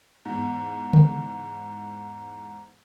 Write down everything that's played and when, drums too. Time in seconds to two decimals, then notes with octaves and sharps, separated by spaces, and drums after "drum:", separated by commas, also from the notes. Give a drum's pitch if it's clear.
0.25 E2 G#2
0.93 drum: tom C#3